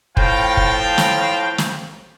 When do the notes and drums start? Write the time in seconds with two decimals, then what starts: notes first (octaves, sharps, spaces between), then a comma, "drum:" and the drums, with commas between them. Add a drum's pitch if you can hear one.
0.17 A2 F3 C5 F5 G5, drum: kick
0.57 drum: kick
0.98 drum: snare
1.58 drum: snare